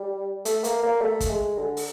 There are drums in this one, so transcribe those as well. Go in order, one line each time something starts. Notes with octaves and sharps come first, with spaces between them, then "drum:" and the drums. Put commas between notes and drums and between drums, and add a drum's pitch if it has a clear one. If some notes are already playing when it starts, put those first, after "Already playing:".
Already playing: G3
A3, drum: hi-hat
A#3, drum: hi-hat
A#3
A3
drum: kick, hi-hat
G#3
D3
drum: open hi-hat